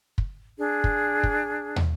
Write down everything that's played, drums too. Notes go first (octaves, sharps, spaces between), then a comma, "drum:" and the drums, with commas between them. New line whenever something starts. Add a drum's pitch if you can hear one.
drum: kick
D4 G#4
drum: kick
drum: kick
drum: tom